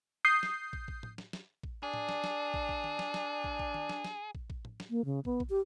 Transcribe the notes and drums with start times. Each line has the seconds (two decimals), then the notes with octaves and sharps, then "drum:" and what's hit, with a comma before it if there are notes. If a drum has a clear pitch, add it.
0.25 D#6 G6 C7
0.43 drum: snare
0.73 drum: kick
0.88 drum: kick
1.03 drum: tom A2
1.18 drum: snare
1.33 drum: snare
1.63 drum: kick
1.83 D4 G#4
1.94 drum: tom A2
2.09 drum: snare
2.24 drum: snare
2.54 drum: kick
2.69 drum: kick
2.84 drum: tom D#3
2.99 drum: snare
3.14 drum: snare
3.44 drum: kick
3.59 drum: kick
3.74 drum: tom D#3
3.89 drum: snare
4.04 drum: snare
4.35 drum: kick
4.50 drum: kick
4.65 drum: tom A2
4.80 drum: snare
4.90 A#3
5.05 C#3
5.25 B3, drum: kick
5.40 drum: kick
5.50 G4